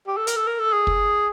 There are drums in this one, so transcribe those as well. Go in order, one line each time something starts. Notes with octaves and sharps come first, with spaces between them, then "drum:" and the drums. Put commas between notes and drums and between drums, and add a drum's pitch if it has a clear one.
G4
A4
A#4, drum: hi-hat
A4
A#4
A4
G#4
drum: kick